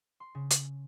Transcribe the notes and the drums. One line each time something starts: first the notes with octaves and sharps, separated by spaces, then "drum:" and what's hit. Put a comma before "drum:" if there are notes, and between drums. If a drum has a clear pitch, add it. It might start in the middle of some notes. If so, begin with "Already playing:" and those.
C6
C#3
drum: hi-hat